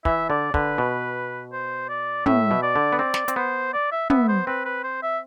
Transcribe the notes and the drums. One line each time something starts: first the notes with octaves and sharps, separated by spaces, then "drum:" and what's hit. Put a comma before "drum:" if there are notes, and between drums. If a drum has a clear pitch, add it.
E3 E5, drum: kick
D3 D5
D3 B4, drum: kick
B2
C5
D5
A2 E5, drum: tom
B2
D5
D3
B3
C4 D5
drum: snare
C4, drum: hi-hat
B3 C5
D5
E5
B3 E5, drum: tom
C5
C4 B4
B4
C5
E5